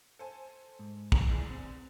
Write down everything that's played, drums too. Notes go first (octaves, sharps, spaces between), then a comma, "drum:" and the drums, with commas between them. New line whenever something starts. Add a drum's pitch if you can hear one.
A4 C5 G#5
G#2
drum: kick
E2 D3 E4 G#4
C4